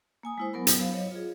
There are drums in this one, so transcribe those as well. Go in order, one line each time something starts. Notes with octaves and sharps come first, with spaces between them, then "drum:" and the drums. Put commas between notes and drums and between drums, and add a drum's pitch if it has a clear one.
A#3 G#5 D#6
G#3 E4 C5
F#3 B3 A#4 B5
drum: hi-hat
F#3 C5 F5
C#5 D#5
F4 G#4